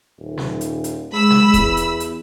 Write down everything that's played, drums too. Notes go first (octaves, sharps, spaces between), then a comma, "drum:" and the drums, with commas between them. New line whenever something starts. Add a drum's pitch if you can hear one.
D#1
drum: snare
drum: hi-hat
drum: hi-hat
G#3 B5 E6
drum: snare
E2, drum: kick D#1, hi-hat
drum: hi-hat
drum: hi-hat